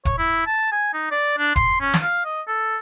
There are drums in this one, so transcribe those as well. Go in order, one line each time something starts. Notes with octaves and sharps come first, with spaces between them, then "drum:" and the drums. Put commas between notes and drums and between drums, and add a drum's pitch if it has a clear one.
C#5, drum: kick E1, hi-hat
E4
A5
G#5
D#4
D5
D4
C6, drum: kick E1, hi-hat
C#4
drum: snare
F5
D#5
A4